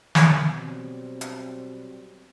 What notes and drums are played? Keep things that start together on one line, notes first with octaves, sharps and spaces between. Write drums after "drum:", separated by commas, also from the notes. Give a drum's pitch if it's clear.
B2, drum: snare
F#3 G3 C4
drum: hi-hat